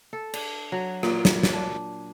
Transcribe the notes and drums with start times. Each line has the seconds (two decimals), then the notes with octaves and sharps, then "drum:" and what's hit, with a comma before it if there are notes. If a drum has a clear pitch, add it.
0.13 A4
0.34 D4, drum: cymbal
0.72 F#3
1.03 A#2, drum: rim click
1.25 drum: snare
1.43 drum: snare
1.53 D4